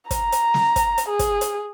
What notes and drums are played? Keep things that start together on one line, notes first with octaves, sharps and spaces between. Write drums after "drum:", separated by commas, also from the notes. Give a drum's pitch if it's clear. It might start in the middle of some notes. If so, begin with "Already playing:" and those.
A#5, drum: kick, hi-hat
drum: hi-hat
drum: snare
drum: kick, hi-hat
drum: hi-hat
G#4
drum: kick, hi-hat
drum: hi-hat